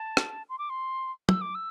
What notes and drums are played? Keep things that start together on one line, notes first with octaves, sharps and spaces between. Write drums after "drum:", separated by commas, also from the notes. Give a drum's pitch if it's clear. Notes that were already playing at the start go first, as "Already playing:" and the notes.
Already playing: A5
drum: rim click
C6
D6
C6
E6, drum: tom
D6
E6